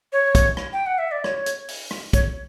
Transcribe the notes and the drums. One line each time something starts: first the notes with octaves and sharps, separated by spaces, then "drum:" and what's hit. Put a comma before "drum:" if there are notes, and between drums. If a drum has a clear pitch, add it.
C#5
drum: kick, hi-hat
drum: rim click
G5
F#5
E5
D5
C#5, drum: rim click
drum: hi-hat
drum: open hi-hat
drum: rim click
C#5, drum: kick, hi-hat